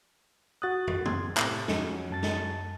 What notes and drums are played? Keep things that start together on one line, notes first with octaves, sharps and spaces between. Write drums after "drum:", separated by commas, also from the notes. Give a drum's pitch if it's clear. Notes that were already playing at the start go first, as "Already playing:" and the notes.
F#4 D#6 F#6 A6
drum: tom
F#2 C6 G#6, drum: tom
A2 C3 E4, drum: clap
F2 F#3 C#4, drum: snare
F#2 A5 A6
drum: snare